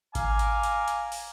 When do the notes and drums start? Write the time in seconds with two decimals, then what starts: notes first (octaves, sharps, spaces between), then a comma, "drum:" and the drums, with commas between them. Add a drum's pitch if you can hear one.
0.15 F5 G#5 A#5 D6, drum: kick G#1, hi-hat
0.39 drum: hi-hat
0.63 drum: hi-hat
0.88 drum: hi-hat
1.12 drum: open hi-hat